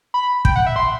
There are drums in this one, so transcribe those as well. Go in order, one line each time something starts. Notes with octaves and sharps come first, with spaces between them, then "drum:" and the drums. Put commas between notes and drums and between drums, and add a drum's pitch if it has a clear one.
B5
G5, drum: kick
F#5
E5
C6